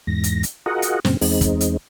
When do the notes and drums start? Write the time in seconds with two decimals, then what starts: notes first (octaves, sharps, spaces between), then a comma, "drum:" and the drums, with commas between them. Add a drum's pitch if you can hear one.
0.07 E2 G#2 A#6
0.24 drum: hi-hat
0.43 drum: hi-hat
0.66 F4 F#4 G#4 A#4 D#5 F#5
0.82 drum: hi-hat
1.05 F#2 A#2 C#3 C4, drum: snare
1.21 E2 G#3 C4 D#4, drum: open hi-hat
1.41 drum: kick, hi-hat
1.61 drum: hi-hat